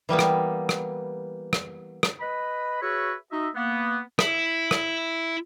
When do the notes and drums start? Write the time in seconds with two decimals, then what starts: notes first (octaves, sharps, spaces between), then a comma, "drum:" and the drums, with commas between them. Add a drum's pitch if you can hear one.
0.09 E3 G3 A#3 B3
0.19 drum: rim click
0.69 drum: rim click
1.53 drum: rim click
2.03 drum: rim click
2.20 B4 D#5 B5
2.82 F#4 G#4 B4 C#5 E5
3.31 D#4 F#4 D#5 E5
3.55 A#3 B3
4.19 E4, drum: rim click
4.71 drum: rim click